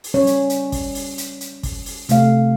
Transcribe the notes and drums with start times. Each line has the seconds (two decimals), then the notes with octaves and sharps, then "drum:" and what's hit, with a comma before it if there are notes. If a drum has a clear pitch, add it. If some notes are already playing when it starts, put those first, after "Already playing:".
0.04 drum: open hi-hat
0.14 G3 C#4 C#5
0.27 drum: hi-hat
0.50 drum: hi-hat
0.72 drum: kick, open hi-hat
0.95 drum: open hi-hat
1.18 drum: hi-hat
1.41 drum: hi-hat
1.63 drum: kick, open hi-hat
1.86 drum: open hi-hat
2.09 C3 A3 F5, drum: hi-hat